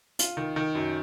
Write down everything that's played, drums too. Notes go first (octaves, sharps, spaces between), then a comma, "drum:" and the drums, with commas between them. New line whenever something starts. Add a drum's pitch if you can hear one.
F4, drum: hi-hat
D#3
D#3
F#2